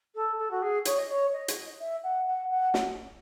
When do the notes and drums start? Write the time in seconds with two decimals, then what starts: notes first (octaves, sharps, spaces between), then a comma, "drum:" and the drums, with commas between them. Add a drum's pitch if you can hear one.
0.15 A4
0.38 A4
0.51 F#4
0.62 G#4
0.85 C#5, drum: hi-hat
0.98 D#5
1.11 C#5
1.32 D#5
1.48 drum: hi-hat
1.80 E5
2.03 F#5
2.27 F#5
2.51 F#5
2.74 drum: snare